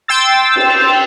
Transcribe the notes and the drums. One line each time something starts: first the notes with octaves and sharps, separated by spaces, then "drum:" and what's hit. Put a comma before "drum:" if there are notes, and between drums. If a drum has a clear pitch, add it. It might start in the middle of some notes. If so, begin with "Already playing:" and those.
G5 C6 E6 A6
drum: cymbal